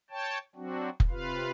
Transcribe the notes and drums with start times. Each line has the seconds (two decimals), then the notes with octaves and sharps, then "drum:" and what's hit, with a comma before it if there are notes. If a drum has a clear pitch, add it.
0.10 C#5 G5 A5
0.55 F#3 C4 D4 F#4
1.00 drum: kick F1
1.10 C3 F4 B4 F5